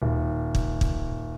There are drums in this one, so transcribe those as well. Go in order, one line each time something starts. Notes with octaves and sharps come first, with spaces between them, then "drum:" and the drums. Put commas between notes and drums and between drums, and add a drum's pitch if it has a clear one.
D#1
drum: kick
drum: kick